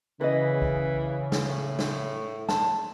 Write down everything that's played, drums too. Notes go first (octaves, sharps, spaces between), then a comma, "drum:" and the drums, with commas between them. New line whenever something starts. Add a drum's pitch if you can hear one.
C#3 E3 B4 D#5
drum: kick
drum: snare
A2
drum: snare
A5, drum: snare